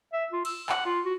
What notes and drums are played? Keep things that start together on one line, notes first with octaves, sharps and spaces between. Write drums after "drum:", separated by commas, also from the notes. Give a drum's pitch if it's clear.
E5
F4
E6, drum: cymbal
F#5, drum: clap
F4
F#4